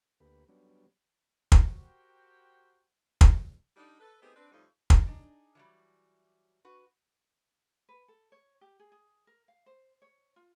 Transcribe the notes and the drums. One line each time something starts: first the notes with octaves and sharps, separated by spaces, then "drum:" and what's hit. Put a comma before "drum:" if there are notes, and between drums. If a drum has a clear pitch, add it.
D2 A#3 G4 B4
F#3 G3 B3 C#4 D4
drum: kick
F#4 G4 A#4 C5 F#5 G5
drum: kick
G3 D4 D#4
A4 B4
A3 B3 C4 D#4 G4 G#4
C4 D4 B4
F2 A2 F3 G3 D#4
drum: kick
D4 D#4 G#4 A#5
E3 F#3 G3
F#4 B4
B4
A4
C#5
G4
G#4
G#4
A#4
F5
C5
C#5
F4